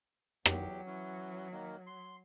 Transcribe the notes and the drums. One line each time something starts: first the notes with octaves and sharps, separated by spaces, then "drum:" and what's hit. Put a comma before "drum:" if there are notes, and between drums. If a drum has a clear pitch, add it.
E2 F#3 G4, drum: rim click
E3 C#4
D#3 A#3
C6